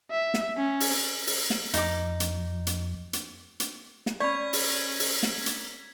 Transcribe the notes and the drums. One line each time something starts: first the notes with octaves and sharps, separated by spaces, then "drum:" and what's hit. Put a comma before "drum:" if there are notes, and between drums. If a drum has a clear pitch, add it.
E5
drum: snare
C#4
drum: open hi-hat
drum: open hi-hat
drum: snare
F2 D#4 D6, drum: hi-hat
drum: hi-hat
drum: hi-hat
drum: hi-hat
drum: hi-hat
drum: snare
C#4 D5 B5 C#6 G#6 B6
drum: open hi-hat
drum: open hi-hat
drum: snare
drum: hi-hat